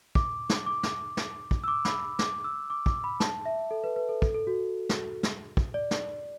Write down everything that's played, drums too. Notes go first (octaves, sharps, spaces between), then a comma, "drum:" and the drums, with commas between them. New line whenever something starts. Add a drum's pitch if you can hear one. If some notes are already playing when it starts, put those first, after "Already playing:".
D6, drum: kick
drum: snare
D6
drum: snare
drum: snare
drum: kick
E6
D6
B5, drum: snare
D6, drum: snare
E6
D6
D6, drum: kick
B5
A5, drum: snare
E5
A4
B4
B4
A4
A4, drum: kick
A4
F#4
drum: snare
drum: snare
drum: kick
D5
drum: snare